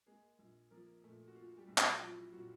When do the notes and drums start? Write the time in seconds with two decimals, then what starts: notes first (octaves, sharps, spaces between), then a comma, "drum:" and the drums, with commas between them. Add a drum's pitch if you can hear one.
0.06 G#3 A#3 G#4
0.39 A#1
0.70 F3 A#3 A#4
1.03 A#2 A3 A4
1.28 F#4
1.35 A#3 F4
1.57 G3 G4
1.68 A#1
1.78 F#3 F#4, drum: clap
2.00 F3 F4
2.17 E4
2.32 A#2 F#3 F#4